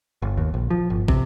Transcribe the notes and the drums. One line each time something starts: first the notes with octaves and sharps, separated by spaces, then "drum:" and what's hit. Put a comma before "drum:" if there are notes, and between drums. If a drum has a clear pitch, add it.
G1
D#2
A#1
F3
G1
C3, drum: kick